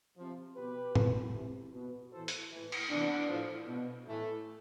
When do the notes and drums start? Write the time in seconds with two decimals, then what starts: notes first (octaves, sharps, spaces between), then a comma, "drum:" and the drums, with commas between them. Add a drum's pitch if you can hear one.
0.18 C3 F3
0.56 B2 G4 B4
0.95 A2 E3, drum: tom
1.34 C3 E3
1.73 B2
2.11 A2 E3 A4 C5
2.28 drum: hi-hat
2.51 A2 E3
2.72 drum: cymbal
2.89 C3 E3 B3 D4
3.29 A2 F3
3.66 B2
4.06 A2 E3 A3